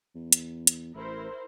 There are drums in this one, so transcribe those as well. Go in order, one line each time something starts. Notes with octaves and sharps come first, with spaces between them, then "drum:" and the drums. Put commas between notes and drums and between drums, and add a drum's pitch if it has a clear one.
E2
drum: hi-hat
drum: hi-hat
A1 E4 A#4 C5